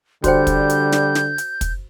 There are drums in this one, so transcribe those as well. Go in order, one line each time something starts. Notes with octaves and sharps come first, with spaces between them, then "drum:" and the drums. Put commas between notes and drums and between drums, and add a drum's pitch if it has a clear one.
D3 G3 F#4 C5 G5 G6, drum: kick, hi-hat
drum: kick, hi-hat
drum: hi-hat
drum: snare
drum: snare
drum: hi-hat
drum: kick, hi-hat